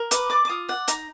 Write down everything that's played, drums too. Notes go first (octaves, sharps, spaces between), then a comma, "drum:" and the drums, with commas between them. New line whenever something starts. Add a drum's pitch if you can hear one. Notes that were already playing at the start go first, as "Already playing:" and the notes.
Already playing: A#4
B4 D6, drum: hi-hat
D5 D6
D6
F4 D#6
D5 F#5
D#4 A#5, drum: hi-hat